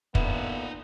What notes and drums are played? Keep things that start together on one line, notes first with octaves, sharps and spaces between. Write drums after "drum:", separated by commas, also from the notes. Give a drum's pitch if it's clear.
A#2 D3 B3 D#4 E5, drum: kick